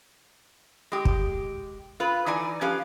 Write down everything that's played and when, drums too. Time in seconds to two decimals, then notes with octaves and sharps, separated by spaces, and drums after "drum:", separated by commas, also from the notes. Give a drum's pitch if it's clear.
0.92 G#3 G4
1.05 drum: kick
2.00 F4 B4
2.26 E3 D#4 D5 G#5
2.61 F3 C#4 G4 B4 F5